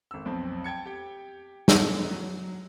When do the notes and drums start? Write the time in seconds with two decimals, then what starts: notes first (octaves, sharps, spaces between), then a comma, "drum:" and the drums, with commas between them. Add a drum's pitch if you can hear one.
0.11 G#1 E6
0.25 B1 F2 C4
0.64 G5 A5 G#6 C#7
0.86 G4 G5
1.68 F#2 F3 F#3 G#3 A3 B3, drum: snare
2.11 F#3